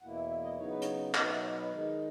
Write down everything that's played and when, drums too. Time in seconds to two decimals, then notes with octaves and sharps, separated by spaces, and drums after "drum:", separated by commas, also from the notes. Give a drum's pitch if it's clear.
0.01 E2 B2 A#3 E4 F#5
0.15 E5
0.29 E5
0.44 D#5
0.58 C#3 F#3 B3 D#4 C#5
0.70 B4
0.82 C#5, drum: hi-hat
1.14 B2 F#3 B3 D#4 D#5, drum: clap
1.29 E5
1.43 C#5
1.57 B4
1.71 D#3 G#3 D#4